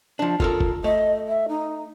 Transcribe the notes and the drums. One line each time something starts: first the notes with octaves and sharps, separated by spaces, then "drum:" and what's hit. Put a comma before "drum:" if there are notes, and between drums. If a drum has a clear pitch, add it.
F3 D4
F4 A4 A#4, drum: kick
drum: kick
A3 D#5
E5
D#4